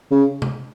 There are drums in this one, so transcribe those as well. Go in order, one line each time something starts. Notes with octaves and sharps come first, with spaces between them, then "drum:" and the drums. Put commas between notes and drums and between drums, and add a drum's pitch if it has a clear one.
C#3
drum: tom C3